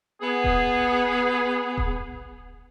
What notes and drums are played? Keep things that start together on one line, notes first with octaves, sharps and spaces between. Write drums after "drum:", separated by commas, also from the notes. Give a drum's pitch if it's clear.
B3 G#4
drum: kick D#1
drum: kick D#1